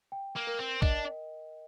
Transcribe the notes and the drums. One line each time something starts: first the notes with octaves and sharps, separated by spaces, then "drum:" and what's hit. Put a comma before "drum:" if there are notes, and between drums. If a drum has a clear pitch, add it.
G5
A#3
A#4
C4
D4 D#5, drum: kick